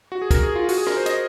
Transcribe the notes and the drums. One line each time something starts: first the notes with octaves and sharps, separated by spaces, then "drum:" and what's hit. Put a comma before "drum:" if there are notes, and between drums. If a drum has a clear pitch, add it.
F#4
G#4
A#4, drum: kick, hi-hat
G#4
F4
F#4, drum: open hi-hat
G#4
A#4, drum: rim click
C5
D#5, drum: hi-hat